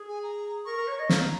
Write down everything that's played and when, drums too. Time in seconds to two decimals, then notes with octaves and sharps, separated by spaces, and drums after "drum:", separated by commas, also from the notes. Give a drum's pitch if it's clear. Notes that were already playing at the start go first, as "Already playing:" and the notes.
Already playing: G#4
0.09 G#5
0.23 A#5
0.65 A#4 C#6
0.77 A#4
0.88 C#5
0.99 D#5
1.09 F5 A#5, drum: snare